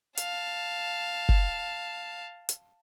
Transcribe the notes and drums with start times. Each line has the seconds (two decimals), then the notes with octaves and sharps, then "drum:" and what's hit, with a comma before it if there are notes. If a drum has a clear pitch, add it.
0.17 F5 A5, drum: hi-hat
1.29 drum: kick F#1
2.49 drum: hi-hat